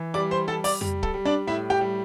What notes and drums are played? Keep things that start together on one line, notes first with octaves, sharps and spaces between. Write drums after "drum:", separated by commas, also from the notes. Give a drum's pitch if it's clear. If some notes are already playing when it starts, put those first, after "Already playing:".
Already playing: E3
G3 D5 D6
C5 C6
G3 A4 A5
D5 D6, drum: open hi-hat
G3, drum: tom F2
A4, drum: kick
G3
D4 D5
A2 E4 E5
G4 G5
G3